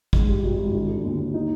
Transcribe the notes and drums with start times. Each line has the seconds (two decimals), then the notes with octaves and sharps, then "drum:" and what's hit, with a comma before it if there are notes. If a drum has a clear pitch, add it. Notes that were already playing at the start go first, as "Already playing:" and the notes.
0.13 G#2, drum: kick
0.28 G3
0.43 G#1
0.58 G#1
0.74 D3
0.88 D3
1.04 D#2
1.19 D#2
1.34 D#4